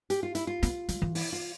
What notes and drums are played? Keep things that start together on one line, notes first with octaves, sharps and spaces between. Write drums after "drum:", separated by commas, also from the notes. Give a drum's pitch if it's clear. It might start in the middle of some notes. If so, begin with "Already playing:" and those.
G4, drum: hi-hat
F4
E4, drum: hi-hat
F4
B3, drum: hi-hat
F3, drum: hi-hat
E3
E4, drum: open hi-hat
F4